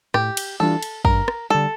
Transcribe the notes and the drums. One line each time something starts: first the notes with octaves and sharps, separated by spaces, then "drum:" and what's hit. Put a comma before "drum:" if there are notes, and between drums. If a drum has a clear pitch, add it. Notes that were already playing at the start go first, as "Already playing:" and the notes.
A2 G4, drum: rim click
drum: cymbal
E3 G3 D4 F4 A4
drum: cymbal
G2 A#4, drum: kick
drum: rim click
D3 G3 A4